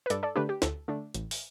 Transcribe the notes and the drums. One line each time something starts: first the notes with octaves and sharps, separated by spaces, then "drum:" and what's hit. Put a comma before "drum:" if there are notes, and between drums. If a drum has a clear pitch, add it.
B4
G2 A4 D5, drum: hi-hat
A4 D5
D3 A3 D4 G4 B4
G4
D2 A4, drum: snare
D3 A3 D4
A1, drum: hi-hat
drum: open hi-hat